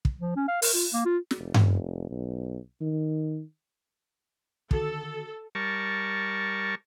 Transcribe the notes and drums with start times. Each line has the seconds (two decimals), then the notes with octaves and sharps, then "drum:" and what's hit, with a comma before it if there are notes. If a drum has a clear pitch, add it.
0.05 drum: kick
0.21 F3
0.36 C#4
0.48 F5
0.62 A#4, drum: open hi-hat
0.74 F4
0.93 A#3
1.05 F4
1.31 drum: snare
1.40 F1
1.54 drum: tom G2
2.10 B1
2.81 D#3
4.71 D3 D#3 F#4 A4, drum: kick
5.55 G3 A#4 A5 C#6